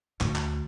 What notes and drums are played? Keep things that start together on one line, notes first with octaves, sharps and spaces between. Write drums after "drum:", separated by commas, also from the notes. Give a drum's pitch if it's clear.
D2, drum: clap
drum: clap